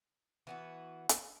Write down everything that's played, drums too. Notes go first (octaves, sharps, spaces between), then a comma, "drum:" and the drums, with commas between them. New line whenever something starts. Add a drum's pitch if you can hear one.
E3 B3 F#4
drum: hi-hat